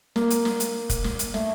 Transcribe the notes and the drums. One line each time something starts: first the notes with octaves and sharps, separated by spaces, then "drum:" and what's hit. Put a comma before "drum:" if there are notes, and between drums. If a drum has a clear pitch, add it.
A#3, drum: snare
drum: hi-hat
drum: snare
drum: hi-hat
drum: kick, hi-hat
drum: snare
drum: hi-hat
A3, drum: snare